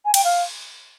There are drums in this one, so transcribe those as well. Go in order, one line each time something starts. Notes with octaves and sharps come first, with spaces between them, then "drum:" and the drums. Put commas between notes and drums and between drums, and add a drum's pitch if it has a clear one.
G#5
G5, drum: cymbal
F5